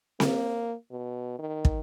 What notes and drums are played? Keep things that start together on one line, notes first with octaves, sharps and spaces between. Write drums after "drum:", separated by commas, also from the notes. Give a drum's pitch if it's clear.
A#3, drum: snare C4
B2
D#3
drum: kick